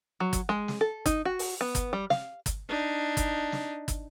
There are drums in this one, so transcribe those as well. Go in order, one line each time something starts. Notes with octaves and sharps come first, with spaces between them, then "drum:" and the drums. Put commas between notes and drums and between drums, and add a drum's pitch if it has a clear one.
F#3
drum: kick, hi-hat
G#3
drum: snare
A4
D#4, drum: kick, hi-hat
F#4
drum: open hi-hat
B3
drum: kick, hi-hat
G3
F5, drum: snare
drum: kick, hi-hat
D4 D#4
drum: kick, hi-hat
drum: snare
drum: kick, hi-hat